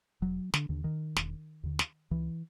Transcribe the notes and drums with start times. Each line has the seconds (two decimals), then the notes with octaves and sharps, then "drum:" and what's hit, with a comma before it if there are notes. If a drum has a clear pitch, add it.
0.22 E1 F#3
0.54 D3, drum: snare
0.69 D#2 D3
0.84 D#3
1.16 E1, drum: snare
1.63 D#2 D3
1.79 drum: snare
2.11 C#2 E3